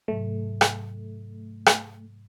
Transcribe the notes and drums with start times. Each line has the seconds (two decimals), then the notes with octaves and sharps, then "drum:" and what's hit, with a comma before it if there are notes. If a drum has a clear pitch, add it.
0.08 G#2 C3 F#3 A3
0.61 drum: rim click
1.66 drum: rim click